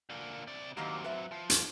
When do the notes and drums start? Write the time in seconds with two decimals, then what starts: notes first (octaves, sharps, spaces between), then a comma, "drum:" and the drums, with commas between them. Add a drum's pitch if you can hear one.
0.10 D3 A#3
0.47 C3 D5
0.77 D#3 F#3 A#3 C4 G4
1.04 B4 E5
1.32 F3
1.50 drum: hi-hat